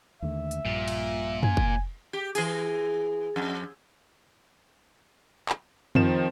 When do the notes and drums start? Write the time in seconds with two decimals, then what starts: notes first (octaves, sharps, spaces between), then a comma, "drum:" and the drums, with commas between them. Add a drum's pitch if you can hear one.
0.22 D#2 D3 A3 E5
0.51 drum: hi-hat
0.65 A#1 G2 A#2
0.88 drum: cymbal
1.43 G#5, drum: tom
1.57 drum: kick
2.13 G4
2.35 E3 G#4, drum: hi-hat
3.36 F2
5.49 drum: clap
5.95 D#3 F3 C4 E7, drum: tom